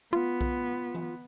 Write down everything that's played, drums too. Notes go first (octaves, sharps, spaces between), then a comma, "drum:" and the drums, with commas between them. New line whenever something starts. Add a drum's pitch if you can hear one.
B3 F4
drum: kick B1
drum: tom E3